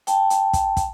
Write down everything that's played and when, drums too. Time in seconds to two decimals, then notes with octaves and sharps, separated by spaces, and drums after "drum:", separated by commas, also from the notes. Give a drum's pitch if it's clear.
0.07 G5 A5, drum: hi-hat
0.30 drum: hi-hat
0.53 drum: kick, hi-hat
0.77 drum: kick, hi-hat